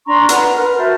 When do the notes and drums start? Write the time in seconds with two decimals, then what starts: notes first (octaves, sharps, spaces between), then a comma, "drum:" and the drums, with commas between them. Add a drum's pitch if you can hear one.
0.06 D4 A#5 C6 C#6
0.29 B4 F#5 A#5, drum: hi-hat
0.56 A#4 B4 F6
0.78 F#4 C5 E5 A5